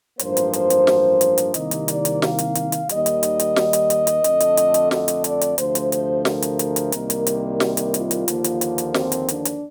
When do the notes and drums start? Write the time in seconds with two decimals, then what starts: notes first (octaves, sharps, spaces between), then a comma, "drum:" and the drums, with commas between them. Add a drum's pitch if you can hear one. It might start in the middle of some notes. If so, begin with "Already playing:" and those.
0.19 A1 G2 F3 A#3 C5, drum: hi-hat
0.37 drum: hi-hat
0.53 drum: hi-hat
0.70 drum: hi-hat
0.87 drum: snare
1.21 drum: hi-hat
1.38 drum: hi-hat
1.54 C2 C3 D#3 A#3 D#5, drum: hi-hat
1.71 drum: hi-hat
1.88 D5, drum: hi-hat
2.05 drum: hi-hat
2.22 F5, drum: snare
2.39 drum: hi-hat
2.55 drum: hi-hat
2.72 drum: hi-hat
2.89 D#2 D#3 G3 D#5, drum: hi-hat
3.06 drum: hi-hat
3.23 drum: hi-hat
3.40 drum: hi-hat
3.56 drum: snare
3.73 drum: hi-hat
3.90 drum: hi-hat
4.07 drum: hi-hat
4.24 F2 D3 A3, drum: hi-hat
4.40 drum: hi-hat
4.57 drum: hi-hat
4.74 drum: hi-hat
4.91 D#5, drum: snare
5.08 drum: hi-hat
5.24 D5, drum: hi-hat
5.41 drum: hi-hat
5.58 D2 C3 F3 A3 C5, drum: hi-hat
5.75 drum: hi-hat
5.92 C5, drum: hi-hat
6.25 A#4, drum: snare
6.42 drum: hi-hat
6.59 drum: hi-hat
6.76 drum: hi-hat
6.92 C2 C3 D#3 G3 A#3, drum: hi-hat
7.10 drum: hi-hat
7.27 drum: hi-hat
7.60 drum: snare
7.77 drum: hi-hat
7.94 F4, drum: hi-hat
8.11 drum: hi-hat
8.28 D#2 D3 F3 A#3, drum: hi-hat
8.44 drum: hi-hat
8.61 drum: hi-hat
8.78 drum: hi-hat
8.94 C4, drum: snare
9.12 drum: hi-hat
9.29 D4, drum: hi-hat
9.45 drum: hi-hat